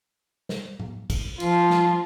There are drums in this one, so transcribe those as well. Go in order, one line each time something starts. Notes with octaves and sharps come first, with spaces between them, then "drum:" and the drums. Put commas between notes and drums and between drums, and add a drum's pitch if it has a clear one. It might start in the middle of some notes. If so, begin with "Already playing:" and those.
drum: snare
drum: tom A2
drum: kick, cymbal
F3 F4, drum: cymbal
drum: snare